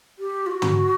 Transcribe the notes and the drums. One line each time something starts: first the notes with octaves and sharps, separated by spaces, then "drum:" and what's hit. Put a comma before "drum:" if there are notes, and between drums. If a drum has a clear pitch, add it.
G4
F4
F#4
drum: tom